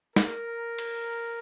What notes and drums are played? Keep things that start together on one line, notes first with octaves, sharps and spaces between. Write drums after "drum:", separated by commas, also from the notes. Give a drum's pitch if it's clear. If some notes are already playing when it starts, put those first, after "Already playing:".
A#4, drum: snare
drum: cymbal